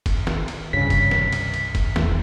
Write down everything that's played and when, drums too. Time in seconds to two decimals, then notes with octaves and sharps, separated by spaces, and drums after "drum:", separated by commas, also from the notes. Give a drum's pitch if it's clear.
0.06 drum: kick, cymbal
0.27 drum: snare
0.48 drum: cymbal
0.73 C2 G2 C#3 B6
0.90 drum: kick, cymbal
1.11 drum: snare
1.32 drum: cymbal
1.54 drum: cymbal
1.75 drum: kick, cymbal
1.96 E1 E2 A3, drum: snare